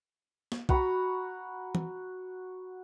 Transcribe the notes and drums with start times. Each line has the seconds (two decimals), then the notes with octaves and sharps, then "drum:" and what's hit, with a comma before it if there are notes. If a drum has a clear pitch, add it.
0.52 drum: snare
0.69 F#4 A#5 B5 C#6, drum: kick B1
1.75 drum: tom E3